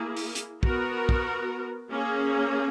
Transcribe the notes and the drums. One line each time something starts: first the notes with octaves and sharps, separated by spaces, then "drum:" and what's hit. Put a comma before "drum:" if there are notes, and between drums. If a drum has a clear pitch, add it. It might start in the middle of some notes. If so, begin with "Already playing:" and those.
Already playing: A#3 E4 G#4
drum: open hi-hat
drum: hi-hat
B3 F#4 A#4, drum: kick
drum: kick
A#3 C#4 G#4